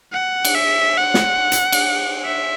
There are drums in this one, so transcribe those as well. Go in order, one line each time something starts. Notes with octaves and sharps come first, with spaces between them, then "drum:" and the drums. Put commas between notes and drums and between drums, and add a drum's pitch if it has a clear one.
F#5
drum: cymbal
E5
F#5
drum: snare
drum: hi-hat
drum: cymbal
E5